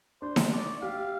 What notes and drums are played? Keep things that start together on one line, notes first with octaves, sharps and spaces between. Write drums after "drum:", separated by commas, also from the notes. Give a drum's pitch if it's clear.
D4 C5
drum: snare D#4
D5
G4 F5